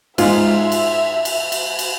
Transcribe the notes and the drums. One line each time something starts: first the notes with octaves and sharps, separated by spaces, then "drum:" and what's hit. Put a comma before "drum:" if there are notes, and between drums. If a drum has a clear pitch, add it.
G#2 F4 E5, drum: cymbal
drum: cymbal
drum: cymbal
drum: cymbal
drum: cymbal